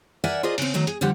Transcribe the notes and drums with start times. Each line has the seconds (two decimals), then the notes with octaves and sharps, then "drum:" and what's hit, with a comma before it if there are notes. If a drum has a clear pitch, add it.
0.24 A#4 D5 E5 F#5 G#5
0.43 F4 G#4 A#4 C5 D5 D#5
0.58 C#3 C4, drum: open hi-hat
0.74 D#3 F#3 A3 C#5
0.87 G#4, drum: hi-hat
1.01 D3 F3 G3 G4 F#5